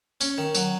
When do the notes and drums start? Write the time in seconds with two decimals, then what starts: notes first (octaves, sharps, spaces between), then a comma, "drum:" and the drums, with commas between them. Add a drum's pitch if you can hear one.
0.21 C#4, drum: tambourine
0.38 D#3
0.55 F#3, drum: tambourine